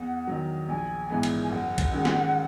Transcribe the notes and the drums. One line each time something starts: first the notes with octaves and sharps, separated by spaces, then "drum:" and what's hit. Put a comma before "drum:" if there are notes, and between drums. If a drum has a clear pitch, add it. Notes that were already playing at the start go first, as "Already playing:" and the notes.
Already playing: E2 F#5
D#3 F#3
A#1 G#5
G#2 E3 G#3 B3
drum: cymbal
G#5
F#1 F#5
drum: kick B1, cymbal
F#2 D#3 G#3
drum: snare